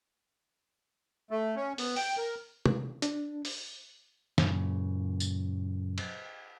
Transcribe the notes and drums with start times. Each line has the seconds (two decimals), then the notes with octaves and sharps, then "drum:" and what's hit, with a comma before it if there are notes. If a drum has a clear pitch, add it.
1.31 A3
1.56 C#4
1.78 B3, drum: open hi-hat
1.96 G5, drum: open hi-hat
2.18 A#4
2.66 drum: tom
3.02 D4, drum: hi-hat
3.45 drum: open hi-hat
4.38 F#2 A#2 C#3, drum: snare
5.20 drum: tambourine
5.98 drum: cymbal